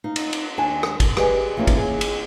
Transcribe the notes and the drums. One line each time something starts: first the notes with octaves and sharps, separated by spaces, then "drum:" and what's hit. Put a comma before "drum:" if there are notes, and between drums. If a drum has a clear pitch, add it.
D#4 F5
drum: cymbal
drum: cymbal
D#2 D4 G#5 A5
drum: rim click
drum: kick, cymbal
G4 G#4 B4 D5 D#5 G#5, drum: rim click
E3 F3 A#3 C#4 D#4
drum: kick, cymbal
G#4
drum: cymbal